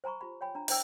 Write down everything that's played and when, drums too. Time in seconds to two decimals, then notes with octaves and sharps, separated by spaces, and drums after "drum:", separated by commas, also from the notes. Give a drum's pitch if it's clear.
0.04 C5 G#5 A#5 B5 C#6
0.21 F4 G4 B5
0.41 C#5 G5 G#5 B5
0.55 D4 A#5
0.68 D4 E4 C5 G5 E6, drum: open hi-hat